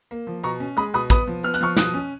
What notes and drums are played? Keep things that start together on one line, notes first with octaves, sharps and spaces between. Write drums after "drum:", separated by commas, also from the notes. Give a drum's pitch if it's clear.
A#3
F3
B2 A#5 C#6
C#4
G#3 B5 D#6
B2 B5 D#6
B3 B5 D#6, drum: kick, hi-hat
F3
B3 F6
F#6, drum: hi-hat
F3 C#6 F6
B2 D#6 F#6, drum: snare
C#4